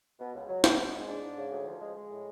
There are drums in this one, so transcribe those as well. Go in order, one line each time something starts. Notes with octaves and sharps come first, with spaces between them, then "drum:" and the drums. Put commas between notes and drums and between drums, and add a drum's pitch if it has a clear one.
B2
C#2
F#3
B3, drum: snare
G#3
G#2
D4
G#2
C#3
D2
F3
G#3
G#3
A2